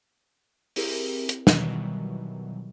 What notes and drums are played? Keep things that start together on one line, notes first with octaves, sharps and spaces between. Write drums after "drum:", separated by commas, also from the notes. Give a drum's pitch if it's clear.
C4 E4 G4 G#4 A#4, drum: open hi-hat
drum: hi-hat
B2 D#3 E3 F#3 G3, drum: snare